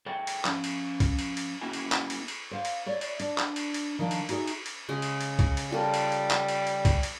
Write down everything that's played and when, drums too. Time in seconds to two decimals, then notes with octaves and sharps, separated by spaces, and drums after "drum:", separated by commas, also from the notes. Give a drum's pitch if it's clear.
0.06 G#4 A4 C#5 G5
0.27 drum: cymbal
0.45 F3 C#4, drum: clap
0.64 drum: cymbal
1.00 drum: kick B1, cymbal
1.19 drum: cymbal
1.37 drum: cymbal
1.61 A#3 C#4 E4 F#4 G#4 G#5
1.73 drum: cymbal
1.92 drum: clap
2.10 drum: cymbal
2.28 drum: cymbal
2.51 C5 F5
2.65 drum: cymbal
2.86 C#5 D5 E5
3.01 drum: cymbal
3.20 D4, drum: cymbal
3.38 drum: clap
3.56 drum: cymbal
3.74 drum: cymbal
3.99 D#3 F3 D4
4.11 drum: cymbal
4.29 D#4 F#4 G#4 D5 E5, drum: cymbal
4.47 drum: cymbal
4.66 drum: cymbal
4.89 C#3 G#3
5.02 drum: cymbal
5.21 drum: cymbal
5.39 drum: kick B1, cymbal
5.57 drum: cymbal
5.71 G3 F4 A4 A#4
5.94 drum: cymbal
6.12 drum: cymbal
6.30 drum: clap
6.48 drum: cymbal
6.67 drum: cymbal
6.85 drum: kick B1, cymbal
7.03 drum: cymbal